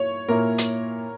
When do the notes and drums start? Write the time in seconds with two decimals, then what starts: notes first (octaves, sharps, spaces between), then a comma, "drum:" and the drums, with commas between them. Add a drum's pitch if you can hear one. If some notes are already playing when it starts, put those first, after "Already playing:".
Already playing: A#3 E4 C#5
0.29 A#2 A#3 E4 A#4
0.58 drum: hi-hat